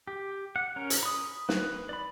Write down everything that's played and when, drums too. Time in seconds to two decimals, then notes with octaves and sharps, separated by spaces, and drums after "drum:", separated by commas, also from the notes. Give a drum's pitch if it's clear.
0.07 G4
0.56 F#5
0.76 C#4 A#4
0.90 drum: hi-hat
1.03 B5 D#6
1.49 B4, drum: snare
1.89 D5 B5